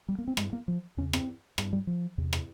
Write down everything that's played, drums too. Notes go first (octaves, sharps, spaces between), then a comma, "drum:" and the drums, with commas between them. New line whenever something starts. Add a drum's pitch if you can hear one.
G3
A#3
C4
G2 G#3, drum: rim click
A#3
F3
E2 C#3 C#4
C4, drum: rim click
G2, drum: rim click
G3
F3
E2 C3
drum: rim click